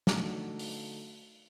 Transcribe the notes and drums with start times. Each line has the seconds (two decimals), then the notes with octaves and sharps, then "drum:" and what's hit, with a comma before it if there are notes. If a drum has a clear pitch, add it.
0.07 D3 A3 D#4 F#4 A4 D5, drum: snare
0.59 drum: open hi-hat